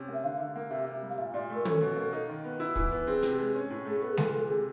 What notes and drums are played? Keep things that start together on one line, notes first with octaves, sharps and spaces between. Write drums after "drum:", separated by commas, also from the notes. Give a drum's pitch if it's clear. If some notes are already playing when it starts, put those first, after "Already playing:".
Already playing: C3 C#4
A#3
E5
D3 F5
D3
A#3
C3 E5
C3
G3
F5
A#2 E5
A#2 D5
A3
A#4
C#4 A4, drum: tom
B2
A#3
D#4
D#3
B3
E4
E3, drum: kick
B3
C4 G#4
C3, drum: hi-hat
G#3
C#4
A2
A3 G#4
B3 A4
G#4
A#2 A4, drum: snare G#3
G#3 A4
C3 G#4